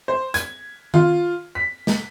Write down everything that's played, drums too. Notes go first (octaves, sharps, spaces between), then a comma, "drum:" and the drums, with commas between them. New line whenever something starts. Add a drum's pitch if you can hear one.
C5
G#6, drum: hi-hat
F4, drum: tom D#3
B6
drum: snare